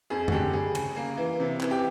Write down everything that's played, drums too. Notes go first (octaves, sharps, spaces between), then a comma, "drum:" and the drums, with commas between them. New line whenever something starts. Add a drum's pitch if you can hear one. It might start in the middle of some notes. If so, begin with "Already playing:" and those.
F2 G#4
F#4, drum: tom
D3 G4
G3 G#4
C#3, drum: cymbal
A#3
E3
C3
E3, drum: clap
G4